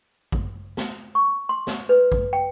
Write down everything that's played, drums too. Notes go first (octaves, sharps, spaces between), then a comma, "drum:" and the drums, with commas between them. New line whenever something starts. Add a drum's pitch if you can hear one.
drum: kick A1
drum: snare
C#6
C6
drum: snare
B4
drum: kick A1
G5